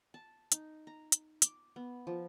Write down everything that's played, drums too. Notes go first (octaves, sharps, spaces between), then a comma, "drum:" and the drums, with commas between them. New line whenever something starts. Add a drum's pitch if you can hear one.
A5
D#4, drum: hi-hat
A#5
drum: hi-hat
D6, drum: hi-hat
B3
F3